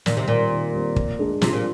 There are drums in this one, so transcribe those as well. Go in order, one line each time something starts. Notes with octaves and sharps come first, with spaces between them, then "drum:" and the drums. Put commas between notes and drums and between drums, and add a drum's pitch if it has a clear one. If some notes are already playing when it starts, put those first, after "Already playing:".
A#2 D#3, drum: snare
C3
A#2 G3 C4
D#3
G3 C4
F3, drum: kick
G#3 D4 G#4
C3 F3, drum: snare
A#2